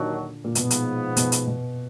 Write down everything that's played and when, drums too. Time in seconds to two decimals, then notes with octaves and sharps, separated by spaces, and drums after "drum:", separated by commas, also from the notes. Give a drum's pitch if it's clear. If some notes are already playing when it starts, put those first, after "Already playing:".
Already playing: D#2 A#2 D3 D#3 F#3 D4 F#4
0.44 A#2
0.55 G#2 B2 F3 B3, drum: hi-hat
0.70 drum: hi-hat
1.17 B2, drum: hi-hat
1.32 drum: hi-hat
1.47 B2